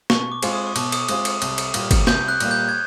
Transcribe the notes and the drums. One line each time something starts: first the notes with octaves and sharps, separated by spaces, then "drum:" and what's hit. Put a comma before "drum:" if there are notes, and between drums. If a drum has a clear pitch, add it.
B2 C#6, drum: snare
D6
G#3 C4 F4 G#4, drum: cymbal
D#6
C#6
B2 D6, drum: cymbal
D#6, drum: cymbal
G#3 C4 F4 G#4 D#6, drum: cymbal
drum: cymbal
C2, drum: cymbal
drum: cymbal
A#2 G3 A#3, drum: cymbal
drum: kick, cymbal
C2 G6, drum: snare
F#6
A#2 G3 A#3, drum: cymbal
G6
G#6